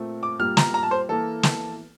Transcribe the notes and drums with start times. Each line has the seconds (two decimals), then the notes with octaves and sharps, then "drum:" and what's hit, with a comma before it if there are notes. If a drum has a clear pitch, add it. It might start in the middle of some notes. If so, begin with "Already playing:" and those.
Already playing: A#2 A3 C4
0.23 D6
0.39 A#2 G3 A#3 F6
0.57 A#5, drum: snare
0.74 A#5
0.83 A5
0.91 C5
1.09 E3 A#3 A4
1.43 drum: snare